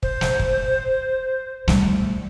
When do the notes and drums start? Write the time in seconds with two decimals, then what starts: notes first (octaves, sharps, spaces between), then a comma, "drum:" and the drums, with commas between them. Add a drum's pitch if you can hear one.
0.03 C5, drum: kick
0.21 drum: snare
0.39 drum: kick
1.68 G3 A3, drum: snare